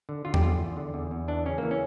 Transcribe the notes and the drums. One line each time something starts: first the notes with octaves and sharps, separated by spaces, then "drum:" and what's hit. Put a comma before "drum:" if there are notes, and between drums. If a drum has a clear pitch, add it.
D3
D3 F4
G4, drum: tom E2
E2 F4
E2
D3
E2
E2
E3 D4
C#3 C#4
E3 A#3
C#4